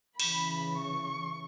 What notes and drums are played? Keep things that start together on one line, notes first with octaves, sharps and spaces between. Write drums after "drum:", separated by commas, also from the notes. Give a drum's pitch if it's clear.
C#3 E3 B5, drum: cymbal
C#6